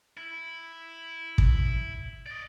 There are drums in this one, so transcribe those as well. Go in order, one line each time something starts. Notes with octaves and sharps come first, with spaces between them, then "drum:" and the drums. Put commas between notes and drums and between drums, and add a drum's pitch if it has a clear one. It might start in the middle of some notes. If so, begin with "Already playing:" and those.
E4
drum: kick
D5 D#5